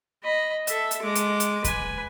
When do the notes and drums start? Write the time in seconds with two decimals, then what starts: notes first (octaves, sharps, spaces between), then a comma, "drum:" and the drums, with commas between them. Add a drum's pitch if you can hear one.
0.23 D#5 B5
0.67 A4 E5, drum: hi-hat
0.91 drum: hi-hat
1.02 G#3 D6
1.15 drum: hi-hat
1.40 drum: hi-hat
1.64 B4 G#5, drum: kick E2, hi-hat